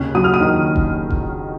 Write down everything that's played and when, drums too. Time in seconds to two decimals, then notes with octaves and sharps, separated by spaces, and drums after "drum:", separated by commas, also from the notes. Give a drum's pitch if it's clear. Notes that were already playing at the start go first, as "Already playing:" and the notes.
Already playing: D#2 C#3 C#4 F#6
0.15 F#3 D#6
0.24 F6
0.34 D#6
0.41 D#3
0.76 drum: kick E1
1.11 drum: kick E1